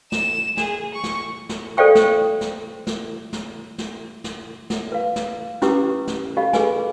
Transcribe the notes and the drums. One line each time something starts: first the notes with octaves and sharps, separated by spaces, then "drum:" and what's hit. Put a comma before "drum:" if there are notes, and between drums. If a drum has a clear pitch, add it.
E7, drum: snare
G#4, drum: snare
C#6
drum: snare
drum: snare
A4 C5 D5 F5 G5 C#6
drum: snare
drum: snare
drum: snare
drum: snare
drum: snare
drum: snare
drum: snare
B4 F5
drum: snare
C#4 E4 G4 B4 D6 D#6, drum: snare
drum: snare
G4 A4 D#5 F5 B5
G#4 A4 B4 G#5, drum: snare